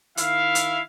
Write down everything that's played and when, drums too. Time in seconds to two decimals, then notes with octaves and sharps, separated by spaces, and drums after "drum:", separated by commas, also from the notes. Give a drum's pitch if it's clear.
0.17 D#3 E4 E5 F5, drum: hi-hat
0.55 drum: hi-hat